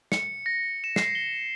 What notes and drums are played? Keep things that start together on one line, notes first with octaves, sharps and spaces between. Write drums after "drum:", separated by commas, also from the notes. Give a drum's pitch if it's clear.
C#7, drum: snare
A#6
E7
C7, drum: snare
G7